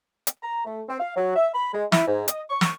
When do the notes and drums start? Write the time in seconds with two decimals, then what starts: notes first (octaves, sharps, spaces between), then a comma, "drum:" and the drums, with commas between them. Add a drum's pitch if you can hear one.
0.27 drum: hi-hat
0.42 A#5
0.65 A3
0.88 C4
1.00 F5
1.16 F#3
1.36 E5
1.53 B5
1.74 G#3
1.92 E4, drum: snare
2.07 G#2
2.28 D#5, drum: hi-hat
2.50 C#6
2.61 drum: snare